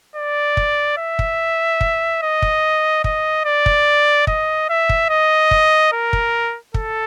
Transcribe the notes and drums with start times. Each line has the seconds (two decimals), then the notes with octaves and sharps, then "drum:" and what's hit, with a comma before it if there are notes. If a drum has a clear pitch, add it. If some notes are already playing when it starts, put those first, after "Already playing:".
0.16 D5
0.57 drum: kick
0.98 E5
1.19 drum: kick
1.81 drum: kick
2.22 D#5
2.42 drum: kick
3.04 D#5, drum: kick
3.45 D5
3.66 drum: kick
4.27 D#5, drum: kick
4.69 E5
4.89 drum: kick
5.09 D#5
5.51 drum: kick
5.92 A#4
6.13 drum: kick
6.74 A4, drum: kick